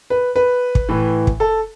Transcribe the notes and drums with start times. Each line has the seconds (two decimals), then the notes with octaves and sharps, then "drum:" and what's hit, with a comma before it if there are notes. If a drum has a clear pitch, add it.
0.10 B4
0.36 B4
0.75 drum: kick
0.89 A2 E3
1.27 drum: kick
1.40 A4